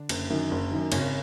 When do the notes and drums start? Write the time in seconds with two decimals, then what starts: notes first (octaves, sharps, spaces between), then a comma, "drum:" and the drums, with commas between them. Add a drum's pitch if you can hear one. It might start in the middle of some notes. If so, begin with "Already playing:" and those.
Already playing: D3 D4
0.09 F#1, drum: cymbal
0.30 F#2 D#3
0.51 F#1
0.72 F#2 D#3
0.92 G#1 C#3 C#4, drum: cymbal